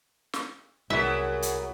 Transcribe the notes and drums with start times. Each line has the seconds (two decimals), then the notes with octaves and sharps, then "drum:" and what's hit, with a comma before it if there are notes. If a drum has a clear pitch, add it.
0.33 drum: snare
0.90 C2 F#3 B3 E4 G#4 A#4 E5
1.42 drum: hi-hat